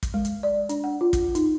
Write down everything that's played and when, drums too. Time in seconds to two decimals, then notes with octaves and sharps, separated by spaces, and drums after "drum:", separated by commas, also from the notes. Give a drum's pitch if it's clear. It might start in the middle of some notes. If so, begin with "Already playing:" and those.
0.03 drum: kick, hi-hat
0.14 G#3
0.25 drum: hi-hat
0.43 D5
0.69 D4, drum: hi-hat
0.84 F#5
1.01 F4
1.13 drum: kick, hi-hat
1.35 D#4, drum: hi-hat